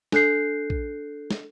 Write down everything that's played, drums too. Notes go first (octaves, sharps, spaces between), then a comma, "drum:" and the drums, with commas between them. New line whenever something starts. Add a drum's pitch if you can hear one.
D4 A4 F#6 G6 C7, drum: snare
drum: kick
drum: snare